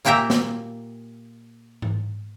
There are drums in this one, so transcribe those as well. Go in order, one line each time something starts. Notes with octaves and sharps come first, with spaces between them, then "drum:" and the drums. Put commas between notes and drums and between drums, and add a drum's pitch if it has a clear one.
A#2 A#3 G4 E5 G5 A#5
drum: snare
drum: tom G#2